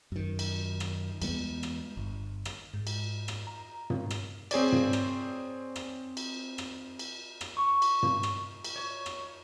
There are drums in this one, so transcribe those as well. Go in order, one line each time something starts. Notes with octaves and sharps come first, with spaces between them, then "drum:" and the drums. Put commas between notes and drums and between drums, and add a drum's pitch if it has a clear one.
F#2 D#3
drum: cymbal
drum: rim click
E2 G3 G#3 B3, drum: cymbal
drum: rim click
G1
drum: rim click
G#2
drum: cymbal
drum: rim click
A#5
drum: tom
drum: rim click
C4 G#4 C#5 D5, drum: cymbal
drum: tom
drum: rim click
drum: rim click
drum: cymbal
drum: rim click
drum: cymbal
drum: rim click
C#6
drum: cymbal
drum: tom
drum: rim click
drum: cymbal
C#5
drum: rim click